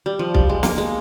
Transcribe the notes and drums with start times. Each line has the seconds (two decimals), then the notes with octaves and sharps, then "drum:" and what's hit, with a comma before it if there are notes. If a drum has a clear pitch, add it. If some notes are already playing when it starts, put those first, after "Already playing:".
0.06 G3
0.19 F3
0.35 G3, drum: kick B1
0.49 G#3
0.63 A#3, drum: snare
0.78 G#3